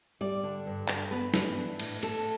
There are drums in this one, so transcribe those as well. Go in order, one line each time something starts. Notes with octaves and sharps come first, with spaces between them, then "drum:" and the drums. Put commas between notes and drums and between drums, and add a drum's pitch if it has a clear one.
G3 D5
D3
G2
G2, drum: clap
B3 B4
E3, drum: snare
D4
A2, drum: cymbal
A3 A4, drum: hi-hat